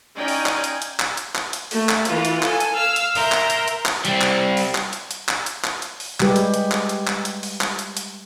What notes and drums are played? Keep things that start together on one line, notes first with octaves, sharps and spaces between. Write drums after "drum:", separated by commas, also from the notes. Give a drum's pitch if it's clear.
C#4 D#4 D5 G5 G#5 A#5
drum: open hi-hat
drum: clap
drum: hi-hat
drum: hi-hat
drum: clap
drum: hi-hat
drum: clap
drum: hi-hat
A3, drum: open hi-hat
drum: clap
E3 F4, drum: hi-hat
drum: hi-hat
A4 G#5, drum: clap
drum: hi-hat
F5 E6 F6
drum: hi-hat
A#4 E5 A#5 C6 G6, drum: open hi-hat
drum: clap
drum: hi-hat
drum: hi-hat
drum: clap
G3 C4, drum: hi-hat
drum: clap
drum: open hi-hat
drum: clap
drum: hi-hat
drum: hi-hat
drum: clap
drum: hi-hat
drum: clap
drum: hi-hat
drum: open hi-hat
G3 G#3 G4 B4, drum: clap
drum: hi-hat
drum: hi-hat
drum: clap
drum: hi-hat
drum: clap
drum: hi-hat
drum: open hi-hat
drum: clap
drum: hi-hat
drum: hi-hat